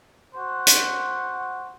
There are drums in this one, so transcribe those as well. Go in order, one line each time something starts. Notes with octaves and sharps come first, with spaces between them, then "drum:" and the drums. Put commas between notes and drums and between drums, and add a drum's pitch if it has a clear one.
F#4 C5 F#5
drum: hi-hat